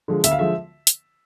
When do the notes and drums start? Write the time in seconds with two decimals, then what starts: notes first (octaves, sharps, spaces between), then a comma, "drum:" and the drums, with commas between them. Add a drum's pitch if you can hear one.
0.08 D3 F3 G#3
0.24 D2 E5, drum: hi-hat
0.31 F5
0.39 D3 F3 G#3 E5
0.87 drum: hi-hat